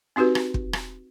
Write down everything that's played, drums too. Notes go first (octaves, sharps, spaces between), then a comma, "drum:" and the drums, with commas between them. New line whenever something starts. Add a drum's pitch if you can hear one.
C4 D#4 F#4 G4 B4
drum: rim click
drum: kick
drum: rim click